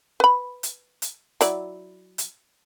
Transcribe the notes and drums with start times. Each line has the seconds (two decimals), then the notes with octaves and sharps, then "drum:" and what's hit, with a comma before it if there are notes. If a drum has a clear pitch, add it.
0.20 B4 B5
0.63 drum: hi-hat
1.02 drum: hi-hat
1.41 F#3 E4 D5, drum: hi-hat
2.18 drum: hi-hat